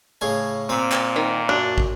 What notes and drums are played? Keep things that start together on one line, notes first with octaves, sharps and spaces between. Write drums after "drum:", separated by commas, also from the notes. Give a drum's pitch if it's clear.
A2 C#3 G#5
A#2 C4
drum: clap
D#3
F#2 D4
drum: kick